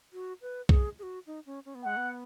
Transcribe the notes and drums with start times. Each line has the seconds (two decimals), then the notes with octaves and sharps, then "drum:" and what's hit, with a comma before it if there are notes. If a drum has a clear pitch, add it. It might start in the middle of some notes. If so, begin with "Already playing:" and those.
0.13 F#4
0.42 B4
0.69 G#4, drum: kick B1
0.99 G#4
1.03 F#4
1.27 D#4
1.46 C#4
1.65 C#4
1.75 B3
1.84 G#3 F#5
1.97 B3